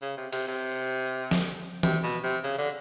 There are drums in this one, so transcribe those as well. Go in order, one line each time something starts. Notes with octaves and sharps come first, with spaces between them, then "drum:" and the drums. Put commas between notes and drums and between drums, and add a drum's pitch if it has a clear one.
C#3
C3
C3, drum: cymbal
C3
drum: snare F3
C3, drum: tom E3
B2
C3
C#3
D3